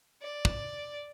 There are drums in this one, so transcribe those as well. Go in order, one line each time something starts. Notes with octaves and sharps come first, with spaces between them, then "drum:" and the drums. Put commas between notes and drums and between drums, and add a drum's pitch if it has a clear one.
D5
drum: kick